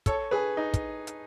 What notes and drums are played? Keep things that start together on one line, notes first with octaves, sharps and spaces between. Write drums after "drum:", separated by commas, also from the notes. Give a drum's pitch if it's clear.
A4 C#5, drum: kick, hi-hat
G#4 B4
D#4
drum: kick, hi-hat
drum: hi-hat